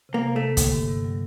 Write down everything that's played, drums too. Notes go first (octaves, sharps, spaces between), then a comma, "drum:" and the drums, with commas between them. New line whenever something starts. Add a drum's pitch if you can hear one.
C3
A#3
C3
A3 A#3
D3, drum: kick, hi-hat
G2
G2
F#3